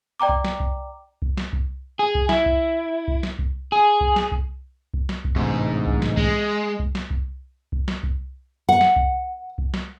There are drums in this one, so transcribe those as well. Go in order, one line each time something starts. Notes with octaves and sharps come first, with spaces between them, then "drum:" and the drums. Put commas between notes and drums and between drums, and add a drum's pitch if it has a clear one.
D5 G5 A#5 D6
drum: kick C2
drum: snare
drum: kick C2
drum: kick C2
drum: snare
drum: kick C2
G#4
drum: kick C2
E4, drum: snare
drum: kick C2
drum: kick C2
drum: snare
drum: kick C2
G#4
drum: kick C2
drum: snare
drum: kick C2
drum: kick C2
drum: snare
drum: kick C2
A1 D2 G#2 C3
drum: kick C2
drum: snare
G#3, drum: kick C2
drum: kick C2
drum: snare
drum: kick C2
drum: kick C2
drum: snare
drum: kick C2
F#5
drum: snare
drum: kick C2
drum: kick C2
drum: snare